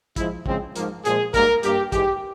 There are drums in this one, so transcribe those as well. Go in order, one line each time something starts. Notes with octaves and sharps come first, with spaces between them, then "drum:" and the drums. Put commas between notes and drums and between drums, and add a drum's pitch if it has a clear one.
F3 G#3 E4, drum: kick, hi-hat
C#3 F3 G#3 C4, drum: kick
G#2 F3 A#3, drum: hi-hat
A#2 F3 G#3 G#4, drum: hi-hat
G#2 G3 A#3 A#4, drum: kick, hi-hat
G2 G3 A#3 G4, drum: hi-hat
G#2 E3 G#3 G4, drum: kick, hi-hat